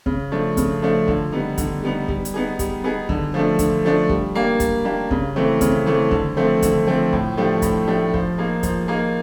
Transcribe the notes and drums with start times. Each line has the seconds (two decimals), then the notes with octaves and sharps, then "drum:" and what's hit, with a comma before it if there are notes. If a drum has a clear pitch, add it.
0.06 C#3, drum: kick
0.32 F3 A3 D4
0.57 C#3, drum: kick, hi-hat
0.82 F3 A3 D4
1.08 D3, drum: kick
1.32 G3 B3 D#4
1.58 D3, drum: kick, hi-hat
1.83 G3 B3 D#4
2.08 G3, drum: kick
2.25 drum: hi-hat
2.34 B3 D#4 G#4
2.59 G3, drum: kick, hi-hat
2.84 B3 D#4 G#4
3.09 D3, drum: kick
3.34 F3 A3 D4
3.59 D3, drum: kick, hi-hat
3.85 F3 A3 D4
4.09 G3, drum: kick
4.35 A#3 D4 G4
4.60 G3, drum: kick, hi-hat
4.85 A#3 D4 G4
5.11 C#3, drum: kick
5.36 E3 A3 C4
5.61 C#3, drum: kick, hi-hat
5.86 E3 A3 C4
6.11 D3, drum: kick
6.37 F3 A3 C4
6.62 D3, drum: kick, hi-hat
6.87 F3 A3 C4
7.13 A2, drum: kick
7.37 F3 A3 D4 G4
7.62 A2, drum: kick, hi-hat
7.87 F3 A3 D4 G4
8.14 F3, drum: kick
8.38 A#3 D#4 G#4
8.63 F3, drum: kick, hi-hat
8.88 A#3 D#4 G#4